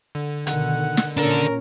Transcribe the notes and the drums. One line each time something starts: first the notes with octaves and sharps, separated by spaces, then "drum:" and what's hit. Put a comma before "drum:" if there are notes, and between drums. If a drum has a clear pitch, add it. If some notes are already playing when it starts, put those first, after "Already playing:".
D3
B2 D3 D#3 F#5, drum: hi-hat
drum: snare
A#2 C#4 D4 A4 A#4